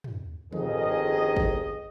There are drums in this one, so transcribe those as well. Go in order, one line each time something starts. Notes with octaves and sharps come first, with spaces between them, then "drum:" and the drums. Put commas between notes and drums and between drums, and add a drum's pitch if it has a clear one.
drum: tom
G1 F2 D#3 G#4 D#5, drum: tom
drum: kick